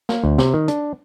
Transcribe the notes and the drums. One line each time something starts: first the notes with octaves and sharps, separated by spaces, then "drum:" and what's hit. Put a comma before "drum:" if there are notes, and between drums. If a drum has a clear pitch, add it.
A#3, drum: snare
D2
C3, drum: snare
D#3
D4, drum: hi-hat